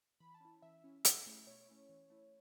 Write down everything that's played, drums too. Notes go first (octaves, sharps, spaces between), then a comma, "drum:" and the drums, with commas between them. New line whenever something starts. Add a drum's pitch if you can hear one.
E3 B5
A5
C#4 E4
E3 E5
C#4 E4
B2, drum: hi-hat
A3 C#4 E4
B2 C#5
A3 C#4 E4
E3
A3 E4